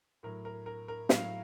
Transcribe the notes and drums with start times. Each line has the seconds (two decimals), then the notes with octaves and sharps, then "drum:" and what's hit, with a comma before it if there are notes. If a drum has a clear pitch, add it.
0.23 A2 F#3 A#4
0.45 A#4
0.66 A#4
0.88 A#4
1.09 A2 F#3 F5, drum: snare